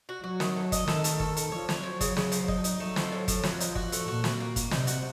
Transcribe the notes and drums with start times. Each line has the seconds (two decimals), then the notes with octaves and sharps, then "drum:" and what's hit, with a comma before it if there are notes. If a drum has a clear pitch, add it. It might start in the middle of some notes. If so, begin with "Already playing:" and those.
0.09 F#4
0.24 F#3 F#4
0.40 D#3, drum: snare
0.56 A3
0.72 D#5, drum: kick, hi-hat
0.88 D#3 A4, drum: snare
1.04 A3, drum: hi-hat
1.20 A4, drum: kick
1.37 A4, drum: hi-hat
1.52 F3 C#5
1.69 C#5, drum: snare
1.83 F3 F#3
2.01 C#3, drum: kick, hi-hat
2.17 C#3, drum: snare
2.32 F3, drum: hi-hat
2.48 D#4, drum: kick
2.64 D#4, drum: hi-hat
2.79 F#3 A3
2.96 F3, drum: snare
3.12 A2
3.28 A2, drum: kick, hi-hat
3.43 F3 F#3, drum: snare
3.60 D#4, drum: hi-hat
3.76 F#4, drum: kick
3.92 A3, drum: hi-hat
4.08 A#2 F#4
4.24 F#4, drum: snare
4.40 A#3
4.56 A#3, drum: kick, hi-hat
4.71 C3 D#4, drum: snare
4.87 F#4, drum: hi-hat